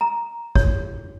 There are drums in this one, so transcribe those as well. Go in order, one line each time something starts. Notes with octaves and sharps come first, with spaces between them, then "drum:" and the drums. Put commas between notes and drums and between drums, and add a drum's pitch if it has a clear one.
A#5
C#5, drum: kick